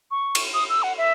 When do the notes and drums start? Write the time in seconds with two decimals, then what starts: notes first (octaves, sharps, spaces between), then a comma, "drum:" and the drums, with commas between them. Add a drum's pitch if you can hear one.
0.11 C#6
0.35 drum: cymbal
0.54 D#6
0.69 E6
0.83 F#5
0.98 E5